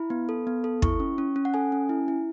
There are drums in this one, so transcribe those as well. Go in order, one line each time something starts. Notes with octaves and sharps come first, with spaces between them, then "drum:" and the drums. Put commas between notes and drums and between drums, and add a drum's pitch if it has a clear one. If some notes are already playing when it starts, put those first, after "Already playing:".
Already playing: E4 B5
B3
A4
B3
A4
E4 C#6, drum: kick
C#4
C#4
C#4
F#5
A4 G#5
C#4
E4
E4